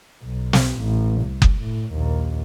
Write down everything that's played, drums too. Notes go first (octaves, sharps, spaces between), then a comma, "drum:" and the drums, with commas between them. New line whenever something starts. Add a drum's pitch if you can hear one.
B1
drum: snare
A1
C2
drum: kick F#1
A2
A#1 D#2